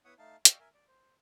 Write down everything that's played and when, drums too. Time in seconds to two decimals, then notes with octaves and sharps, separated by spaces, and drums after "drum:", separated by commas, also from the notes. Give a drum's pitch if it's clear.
0.05 B3 E4 C#5 E5 F#5 D#6
0.19 A3 D#4 F5 A5
0.45 D5 D#5 F5 G5 C#6 E6, drum: hi-hat
0.60 A#4 E5 G#5
0.74 D5
0.88 C5